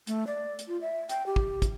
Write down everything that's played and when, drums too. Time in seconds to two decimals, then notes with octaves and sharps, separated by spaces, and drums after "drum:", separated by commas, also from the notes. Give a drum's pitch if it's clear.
0.07 A3, drum: hi-hat
0.27 D5
0.59 drum: hi-hat
0.68 F4
0.81 E5
1.09 G5, drum: hi-hat
1.26 G4
1.36 drum: kick
1.62 drum: kick, hi-hat